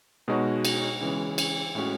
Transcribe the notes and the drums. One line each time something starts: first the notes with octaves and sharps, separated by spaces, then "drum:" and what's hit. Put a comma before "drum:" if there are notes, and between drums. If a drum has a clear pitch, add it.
B2 G#3 D#4 F#4 C#5
drum: cymbal
C#3 E3 G#3 C#4
drum: cymbal
A2 G#3 C#4 F#4